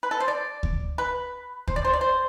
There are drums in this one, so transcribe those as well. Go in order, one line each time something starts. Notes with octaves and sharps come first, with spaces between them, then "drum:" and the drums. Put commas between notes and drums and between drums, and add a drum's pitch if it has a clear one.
B4
A4
C5
D5
drum: kick D2
B4
C5, drum: kick D2
D5
C5
D5
C5